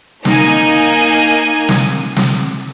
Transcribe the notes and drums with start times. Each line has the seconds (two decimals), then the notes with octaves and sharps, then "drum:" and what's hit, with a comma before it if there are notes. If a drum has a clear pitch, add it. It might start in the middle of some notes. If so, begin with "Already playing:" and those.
0.25 A#3 D#4 G#5, drum: snare
1.69 drum: snare
2.16 drum: snare